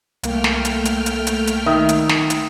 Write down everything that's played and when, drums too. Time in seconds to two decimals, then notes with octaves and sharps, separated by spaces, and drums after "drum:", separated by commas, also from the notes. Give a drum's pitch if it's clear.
0.23 C2 A3 A#3 G5 F6, drum: hi-hat
0.44 drum: snare
0.65 drum: hi-hat
0.85 drum: hi-hat
1.06 drum: hi-hat
1.27 drum: hi-hat
1.47 drum: hi-hat
1.66 D#3 E5 D#6
1.89 drum: hi-hat
2.09 drum: snare
2.30 drum: hi-hat